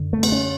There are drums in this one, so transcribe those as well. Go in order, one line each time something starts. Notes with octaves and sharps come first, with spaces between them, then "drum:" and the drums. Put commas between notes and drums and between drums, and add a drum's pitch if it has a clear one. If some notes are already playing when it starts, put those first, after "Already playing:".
Already playing: F#2 D3
A3
B3, drum: cymbal
C#4